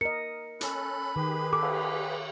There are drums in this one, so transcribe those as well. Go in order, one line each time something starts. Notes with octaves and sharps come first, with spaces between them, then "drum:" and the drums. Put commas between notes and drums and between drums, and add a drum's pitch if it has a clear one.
A#4 D#5 C#7
C#4 A4 B5 F#6, drum: hi-hat
D#3 G4 G#4 B4
A4 D6
drum: cymbal